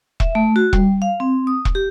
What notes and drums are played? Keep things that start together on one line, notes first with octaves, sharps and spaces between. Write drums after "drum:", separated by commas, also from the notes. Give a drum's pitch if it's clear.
E5, drum: kick E1
A3
F#4
G3, drum: kick E1
F5
C4
D#6
drum: kick E1
G4